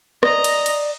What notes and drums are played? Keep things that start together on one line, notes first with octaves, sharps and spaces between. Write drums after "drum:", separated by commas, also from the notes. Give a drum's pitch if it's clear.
D5 D#5 A#5, drum: rim click
drum: cymbal
drum: cymbal